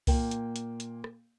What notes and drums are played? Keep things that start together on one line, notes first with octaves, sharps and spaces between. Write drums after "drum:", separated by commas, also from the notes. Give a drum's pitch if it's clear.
A#2 A#3 G5, drum: kick C2, open hi-hat
drum: hi-hat
drum: hi-hat
drum: hi-hat
drum: rim click